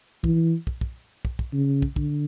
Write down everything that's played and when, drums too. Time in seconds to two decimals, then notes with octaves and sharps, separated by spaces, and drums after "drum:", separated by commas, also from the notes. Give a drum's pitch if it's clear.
0.24 E3, drum: kick
0.67 drum: kick
0.81 drum: kick
1.25 drum: kick
1.39 drum: kick
1.53 C#3
1.82 drum: kick
1.96 D3, drum: kick